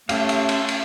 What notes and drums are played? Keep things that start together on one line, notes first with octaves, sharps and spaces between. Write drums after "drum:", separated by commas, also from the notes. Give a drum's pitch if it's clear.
A3 C#4 G4 F5, drum: cymbal
drum: cymbal
drum: cymbal
drum: cymbal